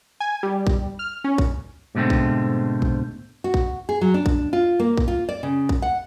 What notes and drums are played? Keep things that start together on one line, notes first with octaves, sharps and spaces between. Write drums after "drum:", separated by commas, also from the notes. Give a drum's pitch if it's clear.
G#5
G3
drum: kick
F6
C#4
drum: kick
G#2 B2 D3 A3 C4
drum: kick
drum: kick
F#4
drum: kick
G#4
F#3
D4
drum: kick
F4
A#3
drum: kick
F4
D5
C#3
drum: kick
F#5